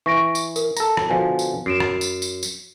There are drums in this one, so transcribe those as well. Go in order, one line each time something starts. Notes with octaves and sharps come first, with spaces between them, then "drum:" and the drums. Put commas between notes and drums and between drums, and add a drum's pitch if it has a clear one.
E3 C#6 A#6 D7
drum: tambourine
A#4, drum: tambourine
A4 A#5, drum: tambourine
drum: rim click
B2 D3 F3 G#5
drum: tambourine
F#2 C7 D7 E7
drum: rim click
drum: tambourine
drum: tambourine
drum: tambourine